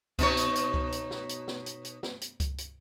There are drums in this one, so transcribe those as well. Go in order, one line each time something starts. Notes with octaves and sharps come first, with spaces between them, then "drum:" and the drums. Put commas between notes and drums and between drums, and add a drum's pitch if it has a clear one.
B2 D#4 C#5, drum: kick C#2, hi-hat
drum: hi-hat
drum: hi-hat
drum: kick C#2
drum: hi-hat
drum: snare
drum: hi-hat
drum: snare
drum: hi-hat
drum: hi-hat
drum: snare
drum: hi-hat
drum: kick C#2, hi-hat
drum: hi-hat